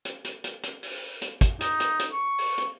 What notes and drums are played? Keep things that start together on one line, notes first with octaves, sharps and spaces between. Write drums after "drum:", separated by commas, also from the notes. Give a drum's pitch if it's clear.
drum: hi-hat
drum: hi-hat
drum: hi-hat
drum: hi-hat
drum: open hi-hat
drum: hi-hat
drum: kick, hi-hat
D#4, drum: hi-hat
drum: hi-hat
drum: hi-hat
C#6
drum: open hi-hat
drum: hi-hat